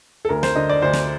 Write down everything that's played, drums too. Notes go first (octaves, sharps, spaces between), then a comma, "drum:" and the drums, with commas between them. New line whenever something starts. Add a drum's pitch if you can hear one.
A4
D2 A#4
C5, drum: snare
D3 D#5
D5
D2 C5
drum: snare